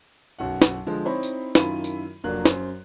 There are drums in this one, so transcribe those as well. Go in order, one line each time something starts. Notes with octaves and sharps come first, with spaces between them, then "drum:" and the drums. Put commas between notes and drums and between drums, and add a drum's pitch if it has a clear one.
B1 F#2 F#5
drum: snare
D3 F3 G#3
C4 D#4 E4 C5 C#5 B5
drum: tambourine
F#2 D#3 E4 F4 B5 D#7, drum: snare
drum: tambourine
F1 F#3 A#3 D4 F#6
F#2 C5, drum: snare